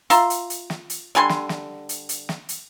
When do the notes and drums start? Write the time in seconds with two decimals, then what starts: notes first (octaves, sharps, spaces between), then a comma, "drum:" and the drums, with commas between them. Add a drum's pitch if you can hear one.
0.10 F4 E5 A#5 C6, drum: hi-hat
0.30 drum: hi-hat
0.50 drum: hi-hat
0.70 drum: snare
0.90 drum: hi-hat
1.15 D3 G3 G#5 C6
1.29 drum: snare
1.49 drum: snare
1.89 drum: hi-hat
2.09 drum: hi-hat
2.29 drum: snare
2.49 drum: hi-hat